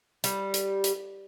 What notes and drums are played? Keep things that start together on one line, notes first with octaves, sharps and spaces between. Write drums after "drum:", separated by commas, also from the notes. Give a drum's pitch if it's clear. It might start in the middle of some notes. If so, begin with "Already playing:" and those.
G3, drum: hi-hat
drum: hi-hat
drum: hi-hat